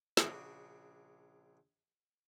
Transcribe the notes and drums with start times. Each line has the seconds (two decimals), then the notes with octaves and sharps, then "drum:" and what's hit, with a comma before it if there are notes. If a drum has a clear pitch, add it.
0.17 A#1 C#3 D4 F#4 D#6, drum: snare